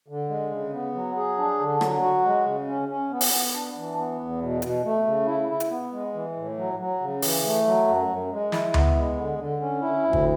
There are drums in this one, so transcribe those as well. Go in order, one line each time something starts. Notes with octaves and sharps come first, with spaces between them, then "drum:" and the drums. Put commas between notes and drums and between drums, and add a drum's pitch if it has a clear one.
D3
G#3
C#3
B3
F#3
G#4
D4
D3
F#3, drum: rim click
F#4
G#3
C#3
C#4
C#4
B3
drum: open hi-hat
B3
D4
E3
B3
E2
B2
B2, drum: hi-hat
A3
C#3
E4
E4
drum: hi-hat
B3
G#3
E3
A2
F#3
F#3
C#3
E3, drum: open hi-hat
A3
F#3
F#2
F#2
G#3
E4, drum: snare
B3, drum: tom D2
G#3
D3
D3
C#4
E4
D2
drum: kick